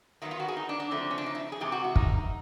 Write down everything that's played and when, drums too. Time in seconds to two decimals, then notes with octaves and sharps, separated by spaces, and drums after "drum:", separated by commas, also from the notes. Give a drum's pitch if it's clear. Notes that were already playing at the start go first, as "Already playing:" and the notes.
0.22 D#3 F#3 B3 E4
0.31 F4
0.40 F#4
0.48 G#4
0.56 D#4
0.69 D4
0.80 D4
0.91 C#3 F3 A3 C4
1.11 C#4
1.18 D4
1.26 D#4
1.35 E4
1.52 G#4
1.60 C3 E3 G#3 G4
1.72 F#4
1.84 E4
1.96 D#4, drum: kick